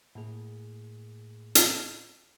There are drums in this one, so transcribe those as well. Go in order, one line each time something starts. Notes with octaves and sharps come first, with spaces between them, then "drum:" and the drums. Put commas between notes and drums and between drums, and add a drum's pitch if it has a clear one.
A2 A#3 G#4
drum: hi-hat